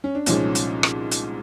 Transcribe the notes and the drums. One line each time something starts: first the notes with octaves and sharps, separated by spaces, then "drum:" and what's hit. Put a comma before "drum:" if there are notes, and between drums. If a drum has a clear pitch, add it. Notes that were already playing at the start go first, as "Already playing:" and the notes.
C#4
D4
C2 A#2 F3 G#3 C#4 D#4, drum: hi-hat
drum: hi-hat
drum: rim click
drum: hi-hat